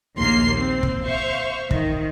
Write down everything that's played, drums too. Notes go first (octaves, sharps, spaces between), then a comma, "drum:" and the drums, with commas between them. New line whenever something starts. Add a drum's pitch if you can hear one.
A#1 D#2 A#3 C6 C7
C4
drum: kick
C5 E5 F5 C#6
D#3, drum: kick